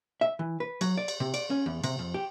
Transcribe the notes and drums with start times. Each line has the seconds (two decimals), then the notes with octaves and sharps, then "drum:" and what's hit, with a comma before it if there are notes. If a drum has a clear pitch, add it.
0.21 E5
0.39 E3
0.60 B4
0.81 F#3, drum: cymbal
0.97 D5
1.08 drum: cymbal
1.20 C3
1.34 D5, drum: cymbal
1.50 C#4
1.66 E2
1.84 C3, drum: cymbal
1.99 F2
2.14 G4